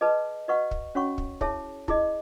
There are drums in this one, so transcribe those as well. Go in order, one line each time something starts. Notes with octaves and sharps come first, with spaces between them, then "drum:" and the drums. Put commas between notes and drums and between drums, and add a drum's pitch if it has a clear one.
G#4 B4 D#5 A5
F#4 B4 D#5 F#5 C#6
drum: kick
C#4 F#4 C#5 F#5 C#6
drum: kick
E4 G#4 C#5 E5 A5, drum: kick
E4 G#4 D#5, drum: kick